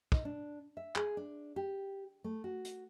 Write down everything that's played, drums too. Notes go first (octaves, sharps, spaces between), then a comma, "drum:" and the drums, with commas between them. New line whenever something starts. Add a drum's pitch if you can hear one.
D#4, drum: kick
D4
E5
G#4, drum: clap
D4
G4
A3
F#4
drum: hi-hat